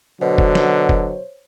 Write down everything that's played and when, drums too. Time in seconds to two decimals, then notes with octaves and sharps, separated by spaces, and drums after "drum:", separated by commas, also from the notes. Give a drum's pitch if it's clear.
0.21 B2 D3 F#3 C5 C#5
0.38 drum: kick F1
0.55 drum: snare
0.89 drum: kick F1